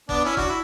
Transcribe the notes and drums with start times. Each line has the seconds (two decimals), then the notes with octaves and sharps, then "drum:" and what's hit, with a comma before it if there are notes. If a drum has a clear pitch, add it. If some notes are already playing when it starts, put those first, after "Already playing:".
0.09 B3 D4, drum: kick
0.25 C#4 E4
0.37 D4 F#4, drum: kick
0.49 E4